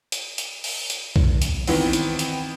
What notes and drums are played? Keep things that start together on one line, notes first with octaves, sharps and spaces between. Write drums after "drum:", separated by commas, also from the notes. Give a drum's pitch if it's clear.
drum: hi-hat
drum: hi-hat
drum: open hi-hat
drum: hi-hat
drum: kick B1
drum: hi-hat
D#3 E3 B3 C4, drum: open hi-hat
drum: hi-hat
drum: hi-hat